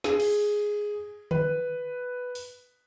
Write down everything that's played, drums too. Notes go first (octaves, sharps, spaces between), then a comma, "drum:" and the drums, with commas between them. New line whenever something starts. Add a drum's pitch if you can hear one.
G#4, drum: snare
drum: cymbal
B4, drum: tom D3
drum: open hi-hat